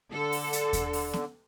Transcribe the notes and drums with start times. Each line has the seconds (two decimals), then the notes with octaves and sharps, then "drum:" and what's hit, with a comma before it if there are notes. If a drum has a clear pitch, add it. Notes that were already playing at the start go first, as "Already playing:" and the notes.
0.12 D3 A4
0.32 drum: open hi-hat
0.53 drum: hi-hat
0.73 drum: kick D#2, hi-hat
0.93 drum: open hi-hat
1.13 drum: snare B3